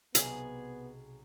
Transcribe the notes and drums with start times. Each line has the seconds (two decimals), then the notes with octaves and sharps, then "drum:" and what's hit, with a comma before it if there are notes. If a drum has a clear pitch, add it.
0.15 B1 C3 B3 G#4 D#6, drum: hi-hat